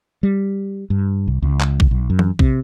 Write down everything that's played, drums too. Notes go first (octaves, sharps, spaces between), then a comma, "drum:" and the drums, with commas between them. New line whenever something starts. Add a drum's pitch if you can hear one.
G3
G2
C2
C#2
drum: clap
drum: kick A#1
B1
F#2
drum: tom E3
C3, drum: kick A#1